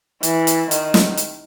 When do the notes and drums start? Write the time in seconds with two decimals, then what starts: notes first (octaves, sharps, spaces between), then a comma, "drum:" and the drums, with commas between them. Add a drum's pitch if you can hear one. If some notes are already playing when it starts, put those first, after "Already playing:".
0.23 E3, drum: hi-hat
0.47 drum: hi-hat
0.71 D#3, drum: hi-hat
0.94 drum: snare
1.17 drum: hi-hat